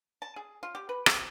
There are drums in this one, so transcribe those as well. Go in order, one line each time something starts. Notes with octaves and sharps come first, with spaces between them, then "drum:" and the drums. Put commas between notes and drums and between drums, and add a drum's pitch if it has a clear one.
A5
G#4
F4
G4
B4
C4, drum: rim click